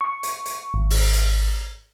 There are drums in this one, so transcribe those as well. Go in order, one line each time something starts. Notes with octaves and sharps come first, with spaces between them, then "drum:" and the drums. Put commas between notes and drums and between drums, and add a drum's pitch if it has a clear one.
C#6
drum: hi-hat
drum: hi-hat
G#1
drum: open hi-hat
drum: hi-hat